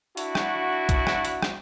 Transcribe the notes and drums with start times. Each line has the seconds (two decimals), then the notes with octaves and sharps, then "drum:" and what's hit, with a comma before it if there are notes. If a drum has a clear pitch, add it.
0.17 D4 E4 F#4, drum: open hi-hat
0.35 drum: rim click
0.89 drum: kick, hi-hat
1.07 drum: rim click
1.25 drum: open hi-hat
1.42 drum: rim click